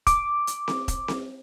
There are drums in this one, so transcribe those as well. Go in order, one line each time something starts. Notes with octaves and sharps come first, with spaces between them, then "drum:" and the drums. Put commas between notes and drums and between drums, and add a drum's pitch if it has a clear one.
D6, drum: kick E1, hi-hat
drum: hi-hat
drum: snare C4
drum: kick E1, hi-hat
drum: snare C4